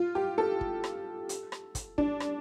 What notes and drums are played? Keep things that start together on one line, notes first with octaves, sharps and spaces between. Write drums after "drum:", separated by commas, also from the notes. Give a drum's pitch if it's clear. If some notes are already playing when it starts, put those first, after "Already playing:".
Already playing: F4
G4
A4
drum: kick
drum: rim click
drum: hi-hat
drum: rim click
drum: kick, hi-hat
D4, drum: kick
drum: rim click